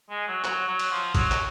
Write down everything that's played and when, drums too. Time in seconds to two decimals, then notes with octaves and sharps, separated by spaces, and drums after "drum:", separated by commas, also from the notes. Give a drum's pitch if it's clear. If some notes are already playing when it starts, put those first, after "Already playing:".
0.10 G#3
0.28 F#3
0.44 F#3, drum: clap
0.68 F#3
0.79 drum: cymbal
0.91 F3
1.15 F#3, drum: kick G#1, cymbal
1.31 drum: clap